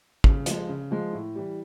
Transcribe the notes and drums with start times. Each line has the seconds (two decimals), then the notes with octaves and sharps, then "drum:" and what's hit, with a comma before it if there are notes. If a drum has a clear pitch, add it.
0.24 C#3, drum: kick
0.46 F3 G#3, drum: hi-hat
0.69 C#3
0.91 F3 G#3
1.13 A2
1.36 E3 G3